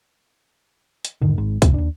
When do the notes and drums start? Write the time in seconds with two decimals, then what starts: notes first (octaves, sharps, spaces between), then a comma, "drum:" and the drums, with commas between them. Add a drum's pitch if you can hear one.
1.05 drum: hi-hat
1.21 E1 G#2 D3 D#3
1.38 G#1 G#2
1.62 F1 C2, drum: kick, hi-hat
1.74 D#2 D4